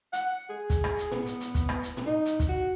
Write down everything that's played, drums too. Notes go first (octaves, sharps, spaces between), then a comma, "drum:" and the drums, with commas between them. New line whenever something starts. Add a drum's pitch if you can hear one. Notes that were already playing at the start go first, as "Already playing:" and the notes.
F#5, drum: hi-hat
G#4
drum: kick, hi-hat
drum: rim click
drum: hi-hat
B3, drum: tom A2
drum: hi-hat
drum: hi-hat
drum: kick, hi-hat
drum: rim click
drum: hi-hat
drum: tom A2
D#4
drum: hi-hat
drum: kick, hi-hat
F#4